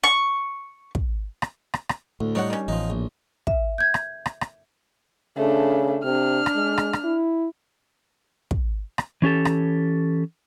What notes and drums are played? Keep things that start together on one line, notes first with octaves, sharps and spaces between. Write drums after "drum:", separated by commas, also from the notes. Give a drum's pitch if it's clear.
C#6
drum: kick
drum: rim click
drum: rim click
drum: rim click
D2 A2
G3 A3 D4 D#4 C#5 F#5
D#3 C#4
A1 E2 F3 D#4
A#1
E5, drum: kick
G6 G#6
drum: rim click
drum: rim click
drum: rim click
C#3 A3 D4
C3 D4 F6
drum: rim click
G#3
drum: rim click
drum: rim click
E4
drum: kick
drum: rim click
E3 C#4 G4 A4
drum: rim click